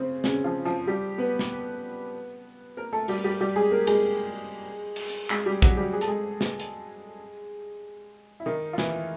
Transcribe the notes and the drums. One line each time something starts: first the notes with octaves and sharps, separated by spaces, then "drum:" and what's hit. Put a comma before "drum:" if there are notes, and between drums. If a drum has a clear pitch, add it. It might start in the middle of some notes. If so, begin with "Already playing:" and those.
Already playing: C#3 C4 C#4
C#3 C#4, drum: snare
F3 F4
F3 F4, drum: tambourine
G3 G4
B3 B4
drum: snare
A#3 A#4
A3 A4
G3 G4, drum: open hi-hat
G3 G4
G3 G4
G#3 G#4
A#3 A#4
G#3 G#4, drum: cymbal
drum: cymbal
drum: hi-hat
G#3 G#4, drum: clap
G3 G4
F#3 F#4, drum: kick
G3 G4
G#4
A4, drum: hi-hat
G#3 G#4
drum: snare
drum: hi-hat
E4
D#3 D#4
F4
E3 E4, drum: snare